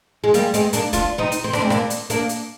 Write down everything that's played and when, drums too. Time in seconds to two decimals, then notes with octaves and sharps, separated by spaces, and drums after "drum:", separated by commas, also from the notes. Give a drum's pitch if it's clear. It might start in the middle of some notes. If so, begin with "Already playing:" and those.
0.24 G#3
0.34 G3 A#3, drum: hi-hat
0.54 G#3 C4, drum: hi-hat
0.73 A#3 D4, drum: hi-hat
0.93 D4 F4, drum: kick, hi-hat
1.18 C4 D#4
1.32 drum: hi-hat
1.44 C4
1.53 D4, drum: rim click
1.61 G#3 C4
1.70 A#3 D4, drum: rim click
1.90 drum: hi-hat
2.10 A#3 D4, drum: hi-hat
2.29 drum: hi-hat